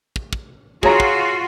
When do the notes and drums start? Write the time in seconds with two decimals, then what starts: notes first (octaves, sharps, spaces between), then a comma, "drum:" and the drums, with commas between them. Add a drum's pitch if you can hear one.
0.16 drum: kick
0.33 drum: kick
0.83 F4 F#4 G#4 C#5 A#5, drum: kick
1.00 drum: kick